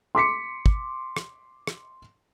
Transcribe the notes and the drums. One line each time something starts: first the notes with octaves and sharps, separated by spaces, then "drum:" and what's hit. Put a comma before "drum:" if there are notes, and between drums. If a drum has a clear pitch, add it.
C6 D6 B6 C#7
drum: kick
drum: rim click
drum: rim click